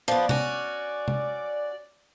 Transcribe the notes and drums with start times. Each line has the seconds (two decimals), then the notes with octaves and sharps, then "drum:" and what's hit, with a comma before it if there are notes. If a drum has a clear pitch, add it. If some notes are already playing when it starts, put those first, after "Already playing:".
0.08 F3 B3 D5
0.29 C#4 F#4, drum: tom
1.08 drum: tom